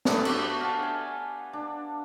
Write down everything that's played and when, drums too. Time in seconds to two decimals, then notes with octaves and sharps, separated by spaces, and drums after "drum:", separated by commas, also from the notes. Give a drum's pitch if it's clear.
0.05 A3 B3 D4, drum: snare C5
0.25 F#4 G4, drum: cymbal
0.61 F5 F#5 A5
0.83 G#5
1.53 D4